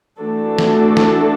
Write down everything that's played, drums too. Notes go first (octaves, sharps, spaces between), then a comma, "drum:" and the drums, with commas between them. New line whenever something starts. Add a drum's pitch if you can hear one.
E3 A3 D4 F#4 A4
drum: snare
drum: snare